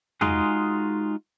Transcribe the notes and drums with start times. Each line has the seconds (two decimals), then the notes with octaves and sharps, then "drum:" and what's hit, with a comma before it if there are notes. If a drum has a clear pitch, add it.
0.21 G#3 D#4 F4 F#4 G#4, drum: tom E2